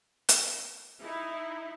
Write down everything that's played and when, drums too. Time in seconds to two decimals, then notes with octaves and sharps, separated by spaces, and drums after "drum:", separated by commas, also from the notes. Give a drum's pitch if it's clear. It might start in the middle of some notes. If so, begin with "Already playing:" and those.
0.29 drum: hi-hat
1.02 D#4 E4